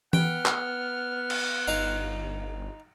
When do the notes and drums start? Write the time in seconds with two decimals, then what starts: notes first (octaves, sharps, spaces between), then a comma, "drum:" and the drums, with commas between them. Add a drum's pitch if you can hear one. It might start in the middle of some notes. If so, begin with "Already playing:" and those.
0.13 B3 F#5 G5 F6, drum: tom E3
0.46 drum: clap
1.30 drum: cymbal
1.68 G1 D#4 F5